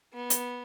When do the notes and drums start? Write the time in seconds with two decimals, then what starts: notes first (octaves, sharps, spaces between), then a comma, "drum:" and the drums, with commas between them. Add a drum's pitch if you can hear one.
0.13 B3
0.30 drum: hi-hat